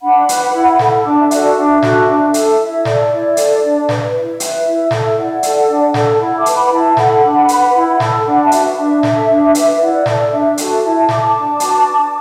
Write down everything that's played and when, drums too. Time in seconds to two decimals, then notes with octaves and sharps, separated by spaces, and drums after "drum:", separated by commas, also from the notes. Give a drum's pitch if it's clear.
0.02 D4 F#5 B5
0.29 B4, drum: hi-hat
0.53 E4
0.79 A4, drum: snare
1.05 D4 A5 D6
1.18 E5 A5
1.31 F#4 A4 D5 F#5, drum: hi-hat
1.57 D4 E5
1.83 F#4 A4, drum: snare
2.08 D4
2.34 A4, drum: hi-hat
2.60 E4 E5
2.85 A4 D5, drum: snare
3.11 E4
3.37 A4, drum: hi-hat
3.63 D4
3.89 B4, drum: snare
4.14 E4 E5
4.40 B4, drum: hi-hat
4.66 E4
4.91 A4, drum: snare
5.17 E4 D5 F#5
5.43 A4, drum: hi-hat
5.69 D4
5.94 A4, drum: snare
6.20 E4 F#5 B5
6.38 A5 D6
6.46 B4, drum: hi-hat
6.55 F#5 B5
6.66 B5
6.71 E4 E5 A5
6.97 A4 F#5 B5, drum: snare
7.23 D4
7.49 B4, drum: hi-hat
7.74 E4
8.00 A4, drum: snare
8.26 D4 F#5 B5
8.43 E5 A5
8.52 F#4 B4, drum: hi-hat
8.60 E5
8.77 D4 E5
9.03 A4, drum: snare
9.29 D4
9.55 B4, drum: hi-hat
9.80 E4 D5 F#5
10.06 A4 D5, drum: snare
10.31 D4 E5
10.44 E5
10.58 F#4 A4, drum: hi-hat
10.70 E5 A5
10.83 E4 E5 A5
10.96 E5 A5
11.09 A4 A5 D6, drum: snare
11.21 A5 D6
11.35 D4
11.60 F#4 B4, drum: hi-hat
11.86 D4